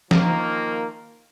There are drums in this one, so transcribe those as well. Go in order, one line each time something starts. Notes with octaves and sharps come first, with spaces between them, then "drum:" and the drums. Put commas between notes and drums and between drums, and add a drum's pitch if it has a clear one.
D#3 F3 A#3, drum: snare